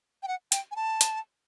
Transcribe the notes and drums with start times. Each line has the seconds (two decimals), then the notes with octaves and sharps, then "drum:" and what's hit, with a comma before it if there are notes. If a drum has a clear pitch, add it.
0.23 G5
0.28 F#5
0.52 G5, drum: hi-hat
0.71 G#5
0.76 A5
1.01 drum: hi-hat